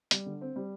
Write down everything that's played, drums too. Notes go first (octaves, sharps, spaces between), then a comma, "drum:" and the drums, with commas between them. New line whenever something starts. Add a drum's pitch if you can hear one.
G3, drum: hi-hat
D3
C4
G3